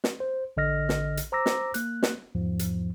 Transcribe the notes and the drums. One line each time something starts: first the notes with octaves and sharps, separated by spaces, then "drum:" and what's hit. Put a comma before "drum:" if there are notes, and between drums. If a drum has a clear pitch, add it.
drum: snare
C5
A1 D3 D#5 F6 A#6
drum: snare
drum: hi-hat
C5 A#5 D6 E6 A#6
drum: snare
A#3 F#6, drum: hi-hat
drum: snare
E2 G#2 F3
drum: hi-hat